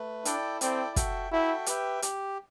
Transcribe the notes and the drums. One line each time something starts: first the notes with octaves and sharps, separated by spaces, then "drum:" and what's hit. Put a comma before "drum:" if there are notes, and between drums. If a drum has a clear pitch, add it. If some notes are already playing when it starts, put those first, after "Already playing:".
Already playing: A3 B4
D4 E4 A4 D5 G5, drum: hi-hat
C4 E4 A4 D5 G5, drum: hi-hat
F#4 A4 E5 G5, drum: kick, hi-hat
E4 F#4 A4 E5 G5
G4 B4 E5 G5, drum: hi-hat
G4, drum: hi-hat